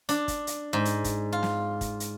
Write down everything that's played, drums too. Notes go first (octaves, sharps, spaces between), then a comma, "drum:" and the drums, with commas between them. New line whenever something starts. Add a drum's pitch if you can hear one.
D4, drum: hi-hat
drum: kick, hi-hat
drum: hi-hat
G#2
drum: hi-hat
drum: kick, hi-hat
F4
drum: snare
drum: kick, hi-hat
drum: hi-hat